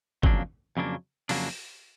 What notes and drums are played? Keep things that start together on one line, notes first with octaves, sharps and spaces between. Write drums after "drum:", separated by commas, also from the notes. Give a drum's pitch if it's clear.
F2 C#3 F#3 A#3 D4, drum: kick
F2 C#3 F#3 A#3 D4
F2 C#3 F#3 A#3 D4, drum: open hi-hat